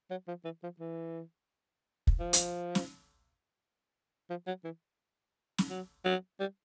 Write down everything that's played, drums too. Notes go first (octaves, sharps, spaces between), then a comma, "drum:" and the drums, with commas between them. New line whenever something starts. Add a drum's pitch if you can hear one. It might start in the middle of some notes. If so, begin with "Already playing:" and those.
F#3
F3
E3
F3
E3
drum: kick
F3
drum: hi-hat
drum: snare
F3
F#3
E3
drum: snare
F#3
F#3
G3